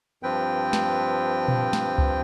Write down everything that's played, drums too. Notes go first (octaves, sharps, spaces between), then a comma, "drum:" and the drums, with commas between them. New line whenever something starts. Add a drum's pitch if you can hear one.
G2 F3 C4 B4 G5
drum: snare
drum: tom A#2
drum: snare
drum: kick C#2